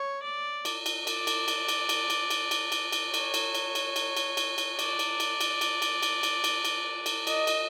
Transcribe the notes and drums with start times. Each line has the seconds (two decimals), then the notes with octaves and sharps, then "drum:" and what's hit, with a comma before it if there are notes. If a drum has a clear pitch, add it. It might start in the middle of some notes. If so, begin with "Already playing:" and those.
Already playing: C#5
0.23 D5
0.65 drum: cymbal
0.86 drum: cymbal
1.07 D5, drum: cymbal
1.27 drum: cymbal
1.48 drum: cymbal
1.68 drum: cymbal
1.89 drum: cymbal
2.10 drum: cymbal
2.30 drum: cymbal
2.51 drum: cymbal
2.72 drum: cymbal
2.92 drum: cymbal
3.14 C#5, drum: cymbal
3.34 drum: cymbal
3.54 drum: cymbal
3.75 drum: cymbal
3.96 drum: cymbal
4.17 drum: cymbal
4.37 drum: cymbal
4.58 drum: cymbal
4.79 D5, drum: cymbal
4.99 drum: cymbal
5.20 drum: cymbal
5.41 drum: cymbal
5.61 drum: cymbal
5.82 drum: cymbal
6.03 drum: cymbal
6.23 drum: cymbal
6.44 drum: cymbal
6.65 drum: cymbal
7.06 drum: cymbal
7.27 D#5, drum: cymbal
7.47 drum: cymbal